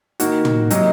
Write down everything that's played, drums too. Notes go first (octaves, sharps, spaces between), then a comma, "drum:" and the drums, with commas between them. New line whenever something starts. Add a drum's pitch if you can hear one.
D#3 A#3 D#4 F#4, drum: hi-hat
drum: tom
C3 F#3 A#3 D#4, drum: hi-hat